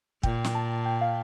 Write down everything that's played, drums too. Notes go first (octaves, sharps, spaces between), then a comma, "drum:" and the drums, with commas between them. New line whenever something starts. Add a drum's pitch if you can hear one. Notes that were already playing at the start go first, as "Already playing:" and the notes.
A#2 G5, drum: kick
drum: snare
A5
G5
F5